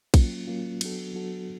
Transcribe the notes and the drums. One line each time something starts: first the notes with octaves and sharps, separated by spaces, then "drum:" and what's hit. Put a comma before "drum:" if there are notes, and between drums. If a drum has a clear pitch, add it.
F#3 A#3 C#4 F4, drum: kick, cymbal
F#3 A#3 C#4 F4
F#3 B3 D4 F#4 A4, drum: cymbal
F#3 B3 D4 F#4 A4